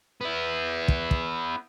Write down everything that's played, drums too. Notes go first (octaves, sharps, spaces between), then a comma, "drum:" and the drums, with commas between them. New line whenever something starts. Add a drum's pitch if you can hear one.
B3 E4
drum: kick
drum: kick